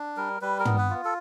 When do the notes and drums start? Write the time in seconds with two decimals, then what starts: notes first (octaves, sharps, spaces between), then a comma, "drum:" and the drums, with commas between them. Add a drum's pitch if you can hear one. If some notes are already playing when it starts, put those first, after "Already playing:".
Already playing: D4
0.17 G3 A#4
0.42 G3 B4
0.60 A#4
0.65 B3, drum: tom
0.78 B4
0.90 F4
1.05 A4